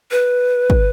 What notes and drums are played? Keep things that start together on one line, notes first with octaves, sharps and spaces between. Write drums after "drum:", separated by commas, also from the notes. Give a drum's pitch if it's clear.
B4
drum: kick